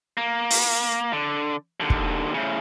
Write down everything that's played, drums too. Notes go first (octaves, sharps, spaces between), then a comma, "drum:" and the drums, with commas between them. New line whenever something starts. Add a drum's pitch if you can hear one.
A#3
drum: open hi-hat
D3
D#2 D3
drum: kick
A2 C#3